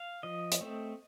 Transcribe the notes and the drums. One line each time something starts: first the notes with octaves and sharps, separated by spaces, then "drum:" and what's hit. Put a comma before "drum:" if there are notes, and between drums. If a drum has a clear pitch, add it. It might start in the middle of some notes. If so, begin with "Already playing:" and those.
Already playing: F5
F3 D#5
drum: hi-hat
A3 C4